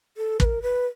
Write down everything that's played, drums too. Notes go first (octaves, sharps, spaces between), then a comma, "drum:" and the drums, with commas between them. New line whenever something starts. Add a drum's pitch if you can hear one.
A4
B4, drum: kick
A#4
B4